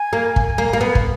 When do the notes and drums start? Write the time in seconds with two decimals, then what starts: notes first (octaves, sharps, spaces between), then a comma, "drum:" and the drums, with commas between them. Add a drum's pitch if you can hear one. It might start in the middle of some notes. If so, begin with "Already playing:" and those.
Already playing: G#5
0.13 A#3
0.36 G#5, drum: kick
0.58 A#3
0.71 A#3 A#4
0.81 B3 B4
0.95 drum: kick